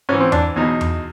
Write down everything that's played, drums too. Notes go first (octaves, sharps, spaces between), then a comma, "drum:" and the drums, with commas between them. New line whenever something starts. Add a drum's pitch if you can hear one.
G#2 E3 C#4
C4
D4, drum: tom E2
E2 B2 D#4
drum: tom E2